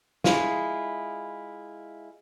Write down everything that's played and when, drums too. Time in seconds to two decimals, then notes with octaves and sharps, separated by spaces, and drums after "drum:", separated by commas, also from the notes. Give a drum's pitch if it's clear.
0.24 G#3 E4 F4, drum: snare